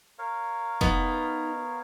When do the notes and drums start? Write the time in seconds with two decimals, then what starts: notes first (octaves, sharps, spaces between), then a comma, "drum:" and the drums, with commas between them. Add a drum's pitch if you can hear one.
0.19 A#4 C#5 F5
0.81 B3 D#4, drum: kick F1